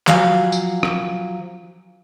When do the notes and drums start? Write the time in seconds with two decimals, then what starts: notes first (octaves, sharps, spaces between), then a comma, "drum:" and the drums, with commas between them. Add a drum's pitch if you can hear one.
0.07 F3 F#3 F5 G#5, drum: clap
0.52 drum: tambourine
0.83 drum: rim click